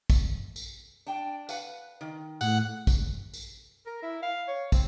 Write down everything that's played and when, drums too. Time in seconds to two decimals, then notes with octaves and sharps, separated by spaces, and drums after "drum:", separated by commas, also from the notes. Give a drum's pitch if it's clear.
0.10 drum: kick, tambourine
0.56 drum: tambourine
1.07 D4 G5
1.49 B4 F5 F#5, drum: tambourine
2.01 D#3
2.41 A2 G#4 F#5, drum: tambourine
2.87 drum: kick, tambourine
3.33 drum: tambourine
3.86 A#4
4.02 E4
4.23 F5
4.48 C#5
4.72 C4, drum: kick, tambourine